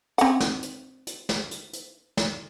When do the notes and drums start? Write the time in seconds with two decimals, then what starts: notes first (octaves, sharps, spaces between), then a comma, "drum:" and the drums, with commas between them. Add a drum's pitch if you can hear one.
0.18 C4 F#5, drum: hi-hat
0.40 drum: snare
0.63 drum: hi-hat
1.07 drum: hi-hat
1.29 drum: snare
1.51 drum: hi-hat
1.73 drum: hi-hat
2.17 drum: snare